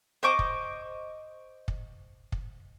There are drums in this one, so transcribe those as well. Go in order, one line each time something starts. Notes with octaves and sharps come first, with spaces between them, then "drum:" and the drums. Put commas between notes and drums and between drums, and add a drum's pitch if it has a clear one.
C5 D#5 C#6 D6
drum: kick
drum: kick
drum: kick